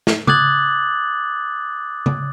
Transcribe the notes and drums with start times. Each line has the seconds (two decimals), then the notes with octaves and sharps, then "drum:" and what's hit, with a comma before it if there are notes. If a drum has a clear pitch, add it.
0.07 drum: snare
0.27 D6 D#6 F#6 G#6 A6 F#7, drum: tom
2.06 drum: tom